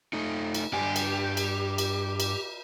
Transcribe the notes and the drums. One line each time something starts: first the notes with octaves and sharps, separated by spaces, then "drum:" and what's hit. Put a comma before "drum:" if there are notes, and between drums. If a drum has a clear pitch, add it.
A3 D#4
drum: cymbal
G2 D4 G4 G#5
drum: cymbal
drum: cymbal
drum: cymbal
drum: cymbal